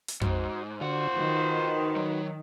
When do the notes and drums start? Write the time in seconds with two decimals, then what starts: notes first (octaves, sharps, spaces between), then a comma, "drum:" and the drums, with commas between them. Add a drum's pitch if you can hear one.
0.08 drum: hi-hat
0.21 G#2 F#4 C5, drum: tom F2
0.81 D3 F4 F#4 C5 F#5
1.18 D#3 F#4 B4
1.96 F#3